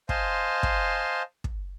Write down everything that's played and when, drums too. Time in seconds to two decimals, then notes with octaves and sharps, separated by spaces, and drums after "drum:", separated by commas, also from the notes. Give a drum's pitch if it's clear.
0.09 C5 D#5 F5 G#5 A5 C6, drum: kick
0.63 drum: kick
1.44 drum: kick